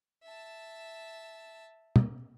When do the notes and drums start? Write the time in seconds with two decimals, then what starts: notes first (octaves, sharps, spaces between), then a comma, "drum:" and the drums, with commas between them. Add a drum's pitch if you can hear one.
0.23 E5 A5
1.96 drum: tom